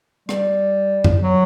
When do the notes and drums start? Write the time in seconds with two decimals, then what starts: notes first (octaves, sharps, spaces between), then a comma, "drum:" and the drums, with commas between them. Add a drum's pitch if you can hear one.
0.29 G3, drum: rim click
1.04 drum: tom F#2
1.23 F#3